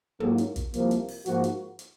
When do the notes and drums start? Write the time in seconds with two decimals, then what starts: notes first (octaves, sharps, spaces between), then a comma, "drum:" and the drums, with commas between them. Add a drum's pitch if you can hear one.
0.20 G#2 F#3 A#3, drum: tom
0.38 drum: hi-hat
0.56 drum: kick, hi-hat
0.74 C2 C3 F3 A#3, drum: hi-hat
0.91 drum: hi-hat
1.08 drum: open hi-hat
1.26 G#2 F3 A#3 F#4, drum: hi-hat
1.44 drum: hi-hat
1.79 drum: hi-hat